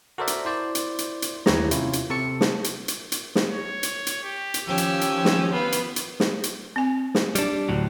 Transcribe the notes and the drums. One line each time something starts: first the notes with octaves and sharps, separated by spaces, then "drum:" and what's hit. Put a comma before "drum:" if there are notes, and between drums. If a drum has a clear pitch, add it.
F#4 A4 A#4 C5 D5 E5
drum: hi-hat
E4 C5 D5
drum: hi-hat
drum: hi-hat
drum: hi-hat
D#2 E3 E4 G4 C#5 A#5, drum: snare
C3 C#4 E4 F4, drum: hi-hat
drum: hi-hat
C3 A4 A5 C#6 C#7
drum: snare
drum: hi-hat
drum: hi-hat
drum: hi-hat
drum: snare
C#5
drum: hi-hat
drum: hi-hat
G4
drum: hi-hat
D#3 F3 C#4 G4 E6
drum: hi-hat
drum: hi-hat
drum: snare
B3 F5
drum: hi-hat
drum: hi-hat
drum: snare
drum: hi-hat
C4 G#5
drum: snare
G3 D4, drum: hi-hat
D2 A2 F#3